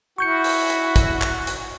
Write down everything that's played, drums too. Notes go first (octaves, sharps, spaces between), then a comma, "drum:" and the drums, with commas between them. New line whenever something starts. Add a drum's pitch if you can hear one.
E4 F#4 C#6 G6 C#7
drum: open hi-hat
drum: hi-hat
drum: kick, hi-hat
drum: clap
drum: hi-hat